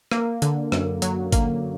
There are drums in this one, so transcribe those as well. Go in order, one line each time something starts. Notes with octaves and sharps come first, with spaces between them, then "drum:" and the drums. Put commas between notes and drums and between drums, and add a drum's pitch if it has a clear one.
A#3, drum: rim click
D3, drum: hi-hat
F#2, drum: rim click
F#3, drum: hi-hat
A#3, drum: kick G#1, hi-hat